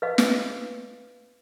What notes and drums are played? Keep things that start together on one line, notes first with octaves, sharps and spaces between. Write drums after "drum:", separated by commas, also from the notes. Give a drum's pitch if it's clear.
B4 D#5 F5
drum: snare